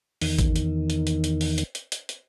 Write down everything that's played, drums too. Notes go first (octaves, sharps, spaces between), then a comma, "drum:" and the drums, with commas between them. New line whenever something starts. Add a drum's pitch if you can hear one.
E2 D#3, drum: open hi-hat
drum: kick, hi-hat
drum: hi-hat
drum: hi-hat
drum: hi-hat
drum: hi-hat
drum: open hi-hat
drum: hi-hat
drum: hi-hat
drum: hi-hat
drum: hi-hat